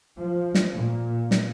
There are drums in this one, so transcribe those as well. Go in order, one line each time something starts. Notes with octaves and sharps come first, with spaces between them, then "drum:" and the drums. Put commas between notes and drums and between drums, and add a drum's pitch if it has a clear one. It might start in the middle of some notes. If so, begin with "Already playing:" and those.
F3
drum: snare
A#2
drum: snare